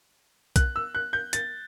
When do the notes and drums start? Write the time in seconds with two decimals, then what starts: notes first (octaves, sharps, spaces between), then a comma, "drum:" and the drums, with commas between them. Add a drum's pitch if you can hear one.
0.56 F#6, drum: kick B1, hi-hat
0.76 E6
0.95 F#6
1.13 G6
1.33 A6, drum: hi-hat